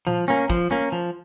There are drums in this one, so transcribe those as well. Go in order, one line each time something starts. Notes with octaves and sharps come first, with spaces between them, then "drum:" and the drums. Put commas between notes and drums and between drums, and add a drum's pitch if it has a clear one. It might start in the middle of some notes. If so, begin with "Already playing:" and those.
F3, drum: tom A#2
A#3 C#4
F3, drum: kick
A#3 C#4
F3